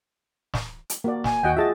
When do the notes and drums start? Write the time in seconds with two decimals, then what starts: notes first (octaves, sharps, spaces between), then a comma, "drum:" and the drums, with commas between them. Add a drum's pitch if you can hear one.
0.54 drum: snare
0.90 drum: hi-hat
1.04 A#3 F#4 D5
1.24 G#5, drum: snare
1.43 D#2 F#4 D#5 F#5 G5
1.57 F4 G#4 D#5 E5 A5 A6